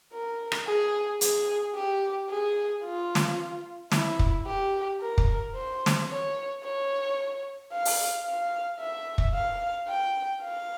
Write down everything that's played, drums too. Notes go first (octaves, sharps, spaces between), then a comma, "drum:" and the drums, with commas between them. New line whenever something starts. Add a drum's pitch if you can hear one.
A#4
drum: rim click
G#4
G#4, drum: hi-hat
G4
G#4
F4
drum: snare
E4, drum: snare
drum: kick
G4
A#4
drum: kick
C5
drum: snare
C#5
C#5
F5
drum: open hi-hat
F5
E5
drum: kick
F5
G5
F5